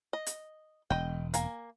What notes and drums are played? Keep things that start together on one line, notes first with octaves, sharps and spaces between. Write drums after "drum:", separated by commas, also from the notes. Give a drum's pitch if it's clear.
D#5
drum: hi-hat
E1 D#5 G5
A#3 G#5, drum: hi-hat